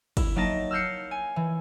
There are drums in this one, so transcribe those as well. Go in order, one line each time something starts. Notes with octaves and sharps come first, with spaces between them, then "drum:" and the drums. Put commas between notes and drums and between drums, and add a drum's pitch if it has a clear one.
E4, drum: kick, cymbal
F#3 A#3 D#4 A5 A#6
E6 F6 G6 C7 C#7
G#5
E3